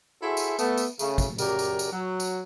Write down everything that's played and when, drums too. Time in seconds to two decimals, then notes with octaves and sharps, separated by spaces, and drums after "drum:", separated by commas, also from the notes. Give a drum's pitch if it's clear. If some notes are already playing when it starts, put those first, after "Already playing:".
0.22 E4 F#4 G#4 A4 C5 E5
0.37 drum: tambourine
0.59 A3 B3 A4, drum: tambourine
0.77 drum: tambourine
0.99 C#3 A3, drum: tambourine
1.18 drum: kick, tambourine
1.38 F#2 C#3 G4 A#4 D5 A#5, drum: tambourine
1.59 drum: tambourine
1.79 drum: tambourine
1.92 F#3
2.20 drum: tambourine